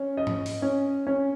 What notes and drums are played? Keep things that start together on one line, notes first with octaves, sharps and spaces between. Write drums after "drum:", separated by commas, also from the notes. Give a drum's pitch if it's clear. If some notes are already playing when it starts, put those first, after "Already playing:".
Already playing: C#4
D#5
drum: tom G#2
drum: open hi-hat
C#4
C#4